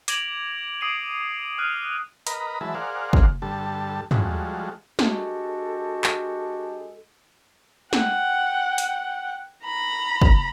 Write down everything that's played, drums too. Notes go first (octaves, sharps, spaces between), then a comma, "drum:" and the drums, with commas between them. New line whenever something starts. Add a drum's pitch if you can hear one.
D6 G#6 A#6 D7 F7 F#7, drum: hi-hat
D6 D#6 C7 D7 D#7 F#7
D#6 F6 F#6 D#7
A#4 B4 D#5 A#5 B5, drum: hi-hat
E3 F#3 G#3 E5 A5 B5
G#4 A#4 C5 D5 F5 F#5
drum: kick
G2 D3 G3 A4 A5
F3 G3 G#3 F#4 A4, drum: tom
G#3 D4 F#4 G4 A4, drum: snare
drum: clap
F#5 G5, drum: snare
drum: hi-hat
A#5 B5
drum: kick